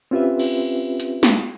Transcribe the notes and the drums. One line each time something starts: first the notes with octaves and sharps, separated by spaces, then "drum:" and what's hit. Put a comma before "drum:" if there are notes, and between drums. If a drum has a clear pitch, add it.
C4 C#4 F4 G4 B4 E5
drum: cymbal
drum: hi-hat
drum: snare